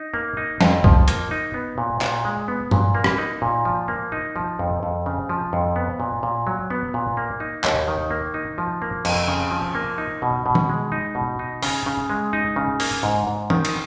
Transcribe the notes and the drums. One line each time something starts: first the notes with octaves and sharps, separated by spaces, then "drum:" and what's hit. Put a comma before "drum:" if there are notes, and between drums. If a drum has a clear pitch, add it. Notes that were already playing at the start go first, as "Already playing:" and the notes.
Already playing: D#4
A#3
D#4
F2, drum: snare
F3, drum: kick C2
A#3, drum: hi-hat
D#4
B3
A#2
A#2, drum: clap
G#3
B3
A#2, drum: tom G2
A#3
drum: rim click
D#4
A#2
F3
A#3
D#4
F3
F2
F2
C#3
F3
F2
B3
A#2
A#2
F#3
B3
A#2
A#3
D#4
D#2, drum: clap
D#3
A#3
D#4
F3
A#3
F2, drum: cymbal
C#3
F3
A#3
D#4
B2
B2
drum: tom D#3
G#3
D#4
B2
D#4
C#3, drum: open hi-hat
C#3
G#3
D#4
C#3
A#3, drum: open hi-hat
G#2
G#2
D#3, drum: tom
drum: cymbal